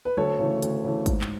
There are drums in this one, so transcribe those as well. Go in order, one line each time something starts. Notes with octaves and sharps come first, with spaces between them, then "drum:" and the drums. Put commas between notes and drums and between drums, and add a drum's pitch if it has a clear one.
B4
D2 A4 C#5, drum: tom F#3
C#3 E3 A3
D2, drum: hi-hat
C#3 E3 A3
G#2, drum: kick, hi-hat
drum: clap